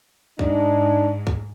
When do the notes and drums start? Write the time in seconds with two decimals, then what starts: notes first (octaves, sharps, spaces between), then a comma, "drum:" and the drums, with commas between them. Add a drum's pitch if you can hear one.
0.39 G#2 D4 D#4, drum: kick
1.27 drum: kick